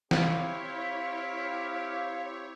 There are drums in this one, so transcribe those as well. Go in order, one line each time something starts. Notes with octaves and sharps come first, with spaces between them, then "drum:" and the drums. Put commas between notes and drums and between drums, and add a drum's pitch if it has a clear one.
C4 E4 G4 C#5 F5, drum: snare